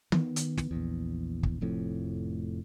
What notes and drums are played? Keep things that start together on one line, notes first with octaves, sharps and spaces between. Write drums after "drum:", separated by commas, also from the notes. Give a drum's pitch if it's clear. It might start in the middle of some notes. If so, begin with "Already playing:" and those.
D#3 B3, drum: tom D#3
drum: hi-hat
drum: snare
A#1 E2
drum: kick
F1 F2 A2